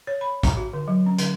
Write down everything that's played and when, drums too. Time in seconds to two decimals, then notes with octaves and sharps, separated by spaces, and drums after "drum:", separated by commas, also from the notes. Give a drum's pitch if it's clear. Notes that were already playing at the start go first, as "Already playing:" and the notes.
0.07 C#5
0.21 B5
0.43 A#5, drum: kick, hi-hat
0.57 F#4
0.73 D3
0.88 F#3
1.06 C#4
1.18 D3, drum: hi-hat